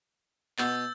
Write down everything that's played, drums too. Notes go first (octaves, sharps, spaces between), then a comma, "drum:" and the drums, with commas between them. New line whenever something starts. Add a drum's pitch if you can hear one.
B2 B3 E6 G6 A6, drum: clap